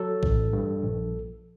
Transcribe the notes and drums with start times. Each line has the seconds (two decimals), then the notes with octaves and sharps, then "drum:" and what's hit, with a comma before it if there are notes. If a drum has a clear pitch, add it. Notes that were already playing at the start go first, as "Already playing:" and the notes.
Already playing: F#3 A4
0.23 A1, drum: kick A#1
0.53 G2
0.83 A#1